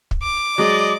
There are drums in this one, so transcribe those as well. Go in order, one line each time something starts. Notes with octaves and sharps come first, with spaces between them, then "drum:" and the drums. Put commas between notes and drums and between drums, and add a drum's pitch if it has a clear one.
drum: kick
D6
F#3 G#3 D5 D#5, drum: snare A3